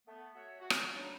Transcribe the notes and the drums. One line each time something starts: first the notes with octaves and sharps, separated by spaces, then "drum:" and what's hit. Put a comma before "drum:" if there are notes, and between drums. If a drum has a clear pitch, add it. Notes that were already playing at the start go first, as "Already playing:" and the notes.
A3 B3
F#4 C#5 E5 F#5
F#4
drum: rim click
C#3 G3 D4 D#4